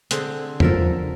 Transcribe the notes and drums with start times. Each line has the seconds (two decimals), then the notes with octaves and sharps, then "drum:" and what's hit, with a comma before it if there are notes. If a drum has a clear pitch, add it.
0.11 D3 C4 G#4, drum: hi-hat
0.60 F3 A4 A#4 E5, drum: tom E2